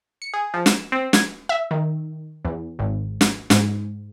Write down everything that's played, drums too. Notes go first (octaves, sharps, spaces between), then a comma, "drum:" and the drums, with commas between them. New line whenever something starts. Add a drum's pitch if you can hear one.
C#7
G#4
F3
E7, drum: snare
C4
G#6, drum: snare
E5
D#3
E2
G#1
drum: snare
G#2, drum: snare